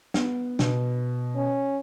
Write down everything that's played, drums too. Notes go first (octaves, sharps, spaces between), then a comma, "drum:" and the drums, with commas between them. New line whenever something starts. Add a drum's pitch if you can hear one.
B3, drum: snare
B2, drum: snare
C#4